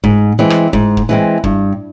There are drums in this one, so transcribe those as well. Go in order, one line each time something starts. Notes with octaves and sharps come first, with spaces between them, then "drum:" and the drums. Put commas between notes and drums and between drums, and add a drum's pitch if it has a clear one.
G#2, drum: kick
E3 G#3 C4
drum: rim click
G#2, drum: kick
drum: kick
E3 G#3 C4
G2, drum: kick